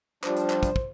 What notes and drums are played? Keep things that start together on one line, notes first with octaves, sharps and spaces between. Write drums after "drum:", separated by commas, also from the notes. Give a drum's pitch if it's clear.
F3 G3 D4 C5, drum: clap
drum: hi-hat
drum: clap
drum: kick, hi-hat
drum: kick